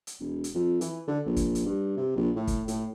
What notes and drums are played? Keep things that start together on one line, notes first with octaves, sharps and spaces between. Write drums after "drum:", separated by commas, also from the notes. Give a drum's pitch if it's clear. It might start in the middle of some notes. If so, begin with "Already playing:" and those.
drum: hi-hat
E1
drum: hi-hat
F2
E3, drum: hi-hat
D3
A#1
drum: kick, hi-hat
drum: hi-hat
G2
C3
A#1
A2
drum: kick, hi-hat
A2, drum: hi-hat